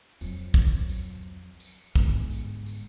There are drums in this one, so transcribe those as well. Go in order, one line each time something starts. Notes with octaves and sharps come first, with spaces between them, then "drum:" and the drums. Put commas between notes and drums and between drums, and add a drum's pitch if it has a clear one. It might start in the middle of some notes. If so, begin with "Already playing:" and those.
F2 F#3, drum: tambourine
drum: kick, tambourine
drum: tambourine
drum: tambourine
G1 G#2, drum: kick, tambourine
drum: tambourine
drum: tambourine